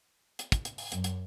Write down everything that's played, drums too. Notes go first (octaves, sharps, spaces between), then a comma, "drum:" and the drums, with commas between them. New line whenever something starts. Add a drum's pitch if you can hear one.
drum: hi-hat
drum: kick, hi-hat
drum: hi-hat
drum: open hi-hat
F#2, drum: hi-hat
drum: hi-hat